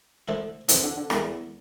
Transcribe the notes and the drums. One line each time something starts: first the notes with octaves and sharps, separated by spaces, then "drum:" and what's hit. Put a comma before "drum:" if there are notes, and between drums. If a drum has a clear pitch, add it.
D3 F3 A3 E4
F2 C3 E3 F3, drum: hi-hat
D3
D3
E2 D3 G3 A#3 E4, drum: rim click